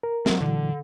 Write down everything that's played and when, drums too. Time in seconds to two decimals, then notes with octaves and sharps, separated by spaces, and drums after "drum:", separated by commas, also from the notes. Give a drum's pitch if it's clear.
0.03 A#4
0.26 F#3 C4, drum: snare
0.41 A#2 D3 E3 F#3